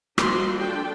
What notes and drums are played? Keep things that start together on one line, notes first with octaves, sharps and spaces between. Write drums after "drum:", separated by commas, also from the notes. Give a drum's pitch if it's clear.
F3 G3 A#3 D#4 F#4 C6, drum: rim click
D4 A4 G5